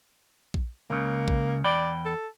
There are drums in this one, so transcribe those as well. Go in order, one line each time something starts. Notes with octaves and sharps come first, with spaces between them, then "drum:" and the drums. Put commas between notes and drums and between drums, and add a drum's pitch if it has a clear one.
drum: kick A#1
C#2 C#3 A#3
drum: kick A#1
E2 D5 G5 B5
A4